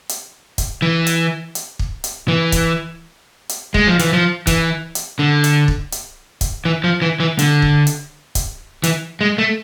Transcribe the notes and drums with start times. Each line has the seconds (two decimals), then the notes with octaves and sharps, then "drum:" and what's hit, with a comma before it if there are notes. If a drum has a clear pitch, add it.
0.09 drum: hi-hat
0.58 drum: kick, hi-hat
0.82 E3
1.07 drum: hi-hat
1.55 drum: hi-hat
1.79 drum: kick
2.04 drum: hi-hat
2.28 E3
2.52 drum: kick, hi-hat
3.49 drum: hi-hat
3.74 G#3, drum: kick
3.87 F3
3.99 E3, drum: hi-hat
4.13 F3
4.47 E3, drum: kick, hi-hat
4.95 drum: hi-hat
5.19 D3
5.44 drum: hi-hat
5.68 drum: kick
5.92 drum: hi-hat
6.41 drum: kick, hi-hat
6.65 E3
6.84 F3
7.02 E3
7.20 E3
7.39 D3, drum: hi-hat
7.62 drum: kick
7.87 drum: hi-hat
8.35 drum: kick, hi-hat
8.84 E3, drum: hi-hat
9.21 G#3
9.38 A3